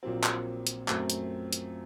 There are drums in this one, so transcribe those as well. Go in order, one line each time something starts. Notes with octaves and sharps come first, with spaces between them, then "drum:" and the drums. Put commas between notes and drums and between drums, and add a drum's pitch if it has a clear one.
A#1 A#2 F#3 C4
drum: clap
drum: hi-hat
F#2 F#3 A3 C4, drum: clap
drum: hi-hat
drum: hi-hat